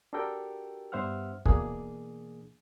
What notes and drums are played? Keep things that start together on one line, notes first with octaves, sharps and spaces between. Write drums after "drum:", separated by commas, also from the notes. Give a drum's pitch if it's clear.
D4 F#4 G4 A4 A#4 G5
G2 B3 C5 E5 F#5 F6
B2 E3 A#3 D4 G#4, drum: kick